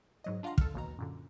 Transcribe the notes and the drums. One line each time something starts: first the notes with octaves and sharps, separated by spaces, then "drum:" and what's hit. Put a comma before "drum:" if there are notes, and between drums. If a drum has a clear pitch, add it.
G#2 F#3 D#5
D4 F4 F5 F#5 A#5 C6
A4 F6, drum: kick
A1 D#2 B2 A#5
F#2 A#2 D3